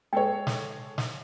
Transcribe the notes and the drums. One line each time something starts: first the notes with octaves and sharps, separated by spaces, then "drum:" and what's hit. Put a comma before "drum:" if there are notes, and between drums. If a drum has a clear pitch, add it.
G#3 A4 C#5 G5
drum: snare
drum: snare